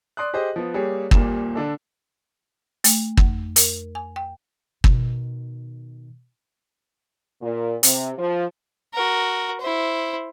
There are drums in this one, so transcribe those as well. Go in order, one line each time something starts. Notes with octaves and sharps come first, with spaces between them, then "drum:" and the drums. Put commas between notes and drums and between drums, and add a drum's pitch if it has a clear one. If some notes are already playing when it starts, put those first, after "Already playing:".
D5 C6 D#6 F#6
G4 G#4 C5 D#5
F3 B3
G3 A#3 G4 G#4 C#5
D#1 A#2 G3 A#3 E7, drum: kick
D3 D4 A4
A3, drum: hi-hat
F2, drum: kick
A#4, drum: hi-hat
G#5
G5
B2 D#3, drum: kick
A#2
C3, drum: hi-hat
F3
F#4 A#4
E4 C5